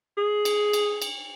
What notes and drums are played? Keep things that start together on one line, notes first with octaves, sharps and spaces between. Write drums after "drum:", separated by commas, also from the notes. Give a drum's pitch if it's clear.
G#4
drum: cymbal
drum: cymbal
drum: cymbal